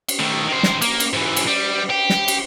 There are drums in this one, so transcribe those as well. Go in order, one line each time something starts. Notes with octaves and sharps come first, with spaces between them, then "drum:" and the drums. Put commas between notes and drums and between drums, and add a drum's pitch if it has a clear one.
drum: cymbal
D#3 A3
D#3 C5
drum: snare
A#3, drum: cymbal
drum: cymbal
G#2 E3
drum: cymbal
G3
G4
drum: snare
drum: cymbal